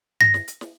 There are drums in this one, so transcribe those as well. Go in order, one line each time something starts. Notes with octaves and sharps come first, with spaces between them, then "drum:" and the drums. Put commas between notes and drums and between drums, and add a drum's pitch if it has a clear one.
A#6, drum: tom G2
drum: snare
drum: hi-hat
drum: snare